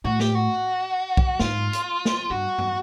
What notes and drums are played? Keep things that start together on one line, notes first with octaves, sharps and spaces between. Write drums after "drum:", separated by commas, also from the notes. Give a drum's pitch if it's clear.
A2 F#4
G4, drum: snare
F#4
drum: kick B1
G#2 F4, drum: snare
drum: hi-hat
drum: snare
G2 F#4
drum: tom G2